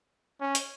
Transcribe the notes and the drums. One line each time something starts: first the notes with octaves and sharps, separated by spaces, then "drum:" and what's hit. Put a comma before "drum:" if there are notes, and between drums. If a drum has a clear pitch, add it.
C#4
drum: hi-hat